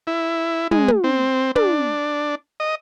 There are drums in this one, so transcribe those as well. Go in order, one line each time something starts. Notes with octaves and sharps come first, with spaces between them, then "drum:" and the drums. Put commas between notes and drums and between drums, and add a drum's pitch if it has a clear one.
E4
G#3, drum: tom
drum: tom
C4
D4, drum: tom
D#5